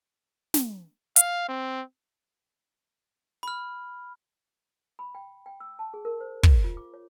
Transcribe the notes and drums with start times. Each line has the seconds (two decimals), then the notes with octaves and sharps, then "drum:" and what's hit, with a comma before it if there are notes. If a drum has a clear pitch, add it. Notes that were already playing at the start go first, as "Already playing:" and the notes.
0.54 drum: snare
1.16 F5, drum: hi-hat
1.48 C4
3.43 B5 F6
4.99 B5
5.15 G5
5.46 G5
5.60 E6
5.79 A5
5.94 G#4
6.05 A#4
6.20 C5
6.43 F5, drum: kick
6.64 F4
6.77 D6
6.94 C#5